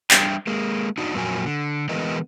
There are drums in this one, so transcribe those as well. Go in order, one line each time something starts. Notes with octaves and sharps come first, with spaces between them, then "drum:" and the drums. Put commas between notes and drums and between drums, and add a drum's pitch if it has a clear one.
G3 D4 E5 G5, drum: clap
G#3 A#3
D4 D#4 F#4
F2 A#2 F#3 A#3 G5 G#5
D3
D3 E3 G#3 B3 A#4 D#5